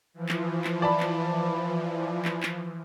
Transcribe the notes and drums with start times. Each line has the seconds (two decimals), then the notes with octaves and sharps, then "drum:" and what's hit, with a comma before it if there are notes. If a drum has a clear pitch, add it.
0.14 E3 F3
0.29 drum: clap
0.64 drum: clap
0.82 D5 A5 B5
1.00 drum: clap
2.25 drum: clap
2.43 drum: clap